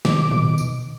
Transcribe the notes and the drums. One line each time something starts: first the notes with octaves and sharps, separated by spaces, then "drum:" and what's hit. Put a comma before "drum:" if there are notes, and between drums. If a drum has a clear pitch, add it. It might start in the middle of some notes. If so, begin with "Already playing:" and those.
B2 D#3 D6, drum: snare
drum: tom A2
drum: tambourine